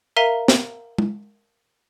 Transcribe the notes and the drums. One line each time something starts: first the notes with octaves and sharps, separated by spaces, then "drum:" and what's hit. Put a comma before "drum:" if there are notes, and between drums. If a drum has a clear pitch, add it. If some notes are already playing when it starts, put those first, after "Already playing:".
A#4 E5 F5 A#5 B6 D#7
drum: snare
drum: tom G#3